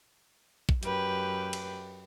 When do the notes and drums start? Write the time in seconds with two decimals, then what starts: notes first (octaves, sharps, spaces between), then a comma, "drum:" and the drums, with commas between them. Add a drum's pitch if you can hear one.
0.69 drum: kick
0.83 F#2 G4 B4, drum: hi-hat
1.53 drum: cymbal